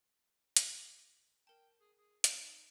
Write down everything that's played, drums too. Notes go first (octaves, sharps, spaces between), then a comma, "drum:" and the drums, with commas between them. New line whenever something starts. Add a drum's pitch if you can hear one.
drum: hi-hat
A#4 G5 A5
G#4
G#4
D#4 A5 E7, drum: hi-hat